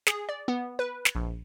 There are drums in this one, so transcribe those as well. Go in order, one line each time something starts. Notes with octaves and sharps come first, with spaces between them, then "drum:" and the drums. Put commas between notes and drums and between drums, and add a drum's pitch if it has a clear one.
G#4, drum: snare
D5
B3
B4
drum: snare
A#1